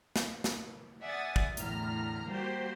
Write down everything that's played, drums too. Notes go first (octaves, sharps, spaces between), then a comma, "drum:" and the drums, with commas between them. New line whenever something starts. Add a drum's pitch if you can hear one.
drum: snare
drum: snare
D5 E5 F#5 G#5 D#6 A6
drum: kick
E2 A2 D3 A#5 F6, drum: hi-hat
G3 A#3 F#4 G4 C5